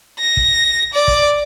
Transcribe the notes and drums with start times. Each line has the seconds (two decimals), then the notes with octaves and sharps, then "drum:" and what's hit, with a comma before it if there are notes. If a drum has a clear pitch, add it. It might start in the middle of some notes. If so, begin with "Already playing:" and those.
0.19 A#6
0.37 drum: kick
0.94 D5
1.08 drum: kick